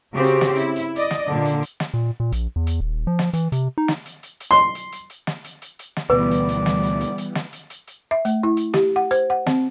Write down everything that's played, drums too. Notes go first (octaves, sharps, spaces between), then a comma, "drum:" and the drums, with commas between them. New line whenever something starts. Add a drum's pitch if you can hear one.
C#3 C4 F#4 G4
drum: hi-hat
drum: snare
E4, drum: hi-hat
drum: hi-hat
D5 D#5, drum: hi-hat
drum: snare
A#2 D3
drum: hi-hat
drum: hi-hat
drum: snare
A#2
A#2
A#1, drum: hi-hat
E2
drum: hi-hat
D#1
F3
drum: snare
E3, drum: hi-hat
C3, drum: hi-hat
D#4
drum: snare
drum: hi-hat
drum: hi-hat
drum: hi-hat
C6
drum: hi-hat
drum: hi-hat
drum: hi-hat
drum: snare
drum: hi-hat
drum: hi-hat
drum: hi-hat
drum: snare
D2 B2 E3 G3 B3 B4 D5
drum: hi-hat
drum: hi-hat
drum: snare
drum: hi-hat
drum: hi-hat
drum: hi-hat
drum: snare
drum: hi-hat
drum: hi-hat
drum: hi-hat
E5
A3, drum: hi-hat
E4
drum: hi-hat
G4, drum: snare
F#5
C5, drum: hi-hat
F#5
C4, drum: snare